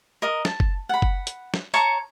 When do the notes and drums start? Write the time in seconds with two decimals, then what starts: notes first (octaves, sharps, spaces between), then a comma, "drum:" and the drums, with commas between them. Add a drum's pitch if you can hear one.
0.22 A#4 D#5
0.45 A5, drum: snare
0.60 drum: kick F#1
0.89 F#5 B5
1.02 drum: kick F#1
1.27 drum: hi-hat
1.54 drum: snare
1.74 C#5 A5 A#5 C#6, drum: tambourine